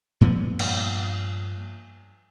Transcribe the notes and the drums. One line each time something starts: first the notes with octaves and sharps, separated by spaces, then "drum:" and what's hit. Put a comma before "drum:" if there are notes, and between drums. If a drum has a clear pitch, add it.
G2 A#2 F3 B3
drum: cymbal